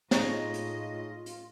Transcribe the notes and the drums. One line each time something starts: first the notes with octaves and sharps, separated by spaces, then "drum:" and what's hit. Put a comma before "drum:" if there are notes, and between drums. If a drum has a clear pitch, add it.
A2 D#4 F4 G#4 C#5 D#5, drum: snare
drum: hi-hat
drum: hi-hat